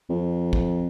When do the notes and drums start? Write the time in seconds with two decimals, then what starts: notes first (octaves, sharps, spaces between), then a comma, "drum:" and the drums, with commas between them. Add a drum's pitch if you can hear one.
0.10 F2
0.53 drum: kick